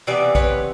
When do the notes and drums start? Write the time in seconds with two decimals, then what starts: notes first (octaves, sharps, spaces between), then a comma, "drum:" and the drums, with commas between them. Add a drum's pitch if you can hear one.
0.07 C3 E3 B3 D5
0.35 B4 C#5, drum: kick A#1